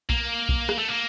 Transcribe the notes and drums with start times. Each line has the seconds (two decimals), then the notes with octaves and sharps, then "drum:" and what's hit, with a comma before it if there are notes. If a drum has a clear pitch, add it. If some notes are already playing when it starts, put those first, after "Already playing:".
0.09 A#3, drum: kick B1
0.49 drum: kick B1
0.69 drum: rim click
0.79 A3
0.89 A#3